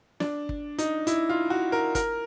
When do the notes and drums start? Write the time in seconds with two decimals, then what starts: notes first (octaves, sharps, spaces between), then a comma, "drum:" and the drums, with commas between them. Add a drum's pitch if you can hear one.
0.20 D4, drum: snare
0.49 drum: kick
0.78 D#4, drum: hi-hat
1.07 E4, drum: hi-hat
1.29 F4
1.50 F#4
1.72 A#4
1.95 A#4, drum: kick, hi-hat